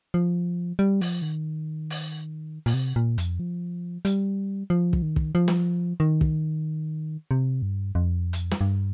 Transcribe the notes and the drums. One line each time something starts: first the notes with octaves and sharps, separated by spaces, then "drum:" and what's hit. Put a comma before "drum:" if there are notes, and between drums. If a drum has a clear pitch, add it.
F3
G3
F3, drum: open hi-hat
D#3
drum: open hi-hat
A#2, drum: open hi-hat
C3
A#2
F2, drum: hi-hat
F3
G3, drum: hi-hat
F3
drum: kick
D#3
drum: kick
F3
drum: snare
D#3
drum: kick
C3
G2
F2
drum: hi-hat
drum: snare
G2